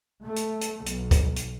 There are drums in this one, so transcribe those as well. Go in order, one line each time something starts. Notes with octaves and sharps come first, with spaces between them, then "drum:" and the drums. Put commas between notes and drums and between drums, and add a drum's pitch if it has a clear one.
A3
drum: hi-hat
drum: hi-hat
B1, drum: hi-hat
drum: kick, hi-hat
drum: hi-hat